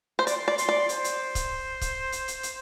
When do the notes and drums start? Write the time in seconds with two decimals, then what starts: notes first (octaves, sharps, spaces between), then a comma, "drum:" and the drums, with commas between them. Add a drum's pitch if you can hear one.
0.19 C5
0.27 D5 C6, drum: hi-hat
0.48 D5
0.58 C6, drum: hi-hat
0.69 D5
0.89 C5, drum: hi-hat
1.04 drum: hi-hat
1.35 drum: kick C#1, hi-hat
1.81 drum: kick C#1, hi-hat
2.12 drum: hi-hat
2.28 drum: hi-hat
2.43 drum: hi-hat